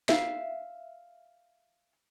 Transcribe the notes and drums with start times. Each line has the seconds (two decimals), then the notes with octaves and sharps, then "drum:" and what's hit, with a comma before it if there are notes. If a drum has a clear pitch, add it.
0.09 E5 F5, drum: snare